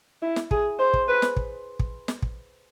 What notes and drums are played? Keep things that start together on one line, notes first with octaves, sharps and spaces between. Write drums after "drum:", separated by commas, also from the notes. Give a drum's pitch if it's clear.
E4
drum: snare
G#4, drum: kick
C5
drum: kick
B4
drum: snare
drum: kick
drum: kick
drum: snare
drum: kick